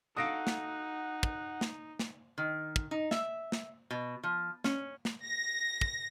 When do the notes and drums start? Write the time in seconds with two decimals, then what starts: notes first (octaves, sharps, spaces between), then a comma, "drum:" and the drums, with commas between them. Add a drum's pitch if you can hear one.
0.16 D#4 F#4 A4 F5 F#5 D#6 A#6 D7
0.47 drum: snare
1.23 drum: kick
1.61 drum: snare
1.99 drum: snare
2.38 D#3
2.76 drum: kick
2.91 D#4
3.11 E5, drum: snare
3.52 drum: snare
3.91 B2
4.23 F3
4.64 C#4, drum: snare
5.05 drum: snare
5.23 A#6
5.81 drum: kick